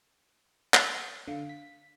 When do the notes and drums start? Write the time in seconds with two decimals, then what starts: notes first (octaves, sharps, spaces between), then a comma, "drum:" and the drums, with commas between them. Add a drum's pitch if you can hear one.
0.74 drum: clap
1.28 D3 F5
1.49 B6